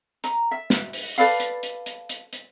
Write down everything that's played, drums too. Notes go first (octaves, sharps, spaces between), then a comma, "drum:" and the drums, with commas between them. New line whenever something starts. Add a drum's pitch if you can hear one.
A#5, drum: hi-hat
E5
drum: snare
drum: open hi-hat
A4 B4 D5 F5
drum: hi-hat
drum: hi-hat
drum: hi-hat
drum: hi-hat
drum: hi-hat